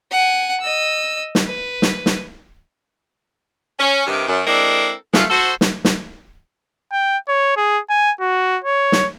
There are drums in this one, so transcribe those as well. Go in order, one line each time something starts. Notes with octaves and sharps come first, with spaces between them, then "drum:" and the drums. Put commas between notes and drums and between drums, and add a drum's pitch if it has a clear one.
F#5 G#5
D#5 E6
drum: snare
B4
drum: snare
drum: snare
C#4
G2 C3 D#3
F#2
G#3 C4 D4 E4 A4 A#4
E2 G#3 A3 F4, drum: snare
F#4 A4 C5
drum: snare
drum: snare
G5
C#5
G#4
G#5
F#4
C#5
drum: snare